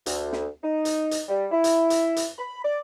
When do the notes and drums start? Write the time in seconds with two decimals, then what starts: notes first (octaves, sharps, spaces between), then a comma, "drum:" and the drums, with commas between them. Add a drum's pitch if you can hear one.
0.06 D2, drum: hi-hat
0.32 drum: snare
0.63 D#4
0.85 drum: hi-hat
1.11 drum: hi-hat
1.29 G3
1.52 E4
1.64 drum: hi-hat
1.90 drum: hi-hat
2.16 drum: hi-hat
2.39 B5
2.64 D5